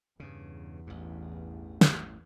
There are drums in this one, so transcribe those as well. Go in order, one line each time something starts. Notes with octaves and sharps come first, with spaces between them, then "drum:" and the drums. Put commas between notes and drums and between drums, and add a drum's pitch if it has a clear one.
E2 G2 C#3
A1 G2
drum: snare